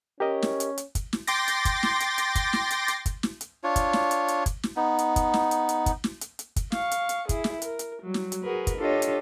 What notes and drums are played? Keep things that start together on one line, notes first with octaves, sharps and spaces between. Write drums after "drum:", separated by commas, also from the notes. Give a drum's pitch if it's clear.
C#4 G4 A#4 D#5
drum: snare
drum: hi-hat
drum: hi-hat
drum: kick, hi-hat
drum: snare
G5 C6 D6 A6 A#6, drum: hi-hat
drum: hi-hat
drum: kick, hi-hat
drum: snare
drum: hi-hat
drum: hi-hat
drum: kick, hi-hat
drum: snare
drum: hi-hat
drum: hi-hat
drum: kick, hi-hat
drum: snare
drum: hi-hat
D4 F4 C#5
drum: kick, hi-hat
drum: snare
drum: hi-hat
drum: hi-hat
drum: kick, hi-hat
drum: snare
B3 D#4
drum: hi-hat
drum: kick, hi-hat
drum: snare
drum: hi-hat
drum: hi-hat
drum: kick, hi-hat
drum: snare
drum: hi-hat
drum: hi-hat
drum: kick, hi-hat
F5 C#6, drum: snare
drum: hi-hat
drum: hi-hat
E4 G#4, drum: kick, hi-hat
drum: snare
A#4, drum: hi-hat
drum: hi-hat
F#3 G3
drum: snare
drum: hi-hat
F#4 G#4 A#4 B4
drum: kick, hi-hat
D4 F4 G4 A4 C#5 D#5
drum: hi-hat